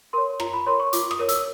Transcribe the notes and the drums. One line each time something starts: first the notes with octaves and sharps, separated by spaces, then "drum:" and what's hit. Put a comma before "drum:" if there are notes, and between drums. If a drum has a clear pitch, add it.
A#4 C#5 C6
F4 A#5, drum: rim click
B5
A#4 C#5 C6
C#6
F4 D6, drum: hi-hat
D#6, drum: rim click
A#4 C#5
E6, drum: hi-hat